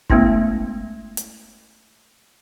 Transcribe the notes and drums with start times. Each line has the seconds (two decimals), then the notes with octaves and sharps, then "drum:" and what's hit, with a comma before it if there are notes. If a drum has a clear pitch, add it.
0.10 G#3 A3 B3 C#4 E4, drum: kick F#1
1.17 drum: hi-hat